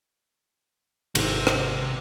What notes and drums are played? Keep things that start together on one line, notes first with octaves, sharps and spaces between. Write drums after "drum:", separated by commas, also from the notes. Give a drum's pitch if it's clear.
G#1 C3 C4, drum: cymbal
drum: rim click